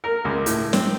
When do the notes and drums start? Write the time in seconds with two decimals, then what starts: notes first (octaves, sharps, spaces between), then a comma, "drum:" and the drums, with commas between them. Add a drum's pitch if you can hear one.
0.04 A#4
0.25 C#2
0.46 A2, drum: hi-hat
0.73 C4, drum: snare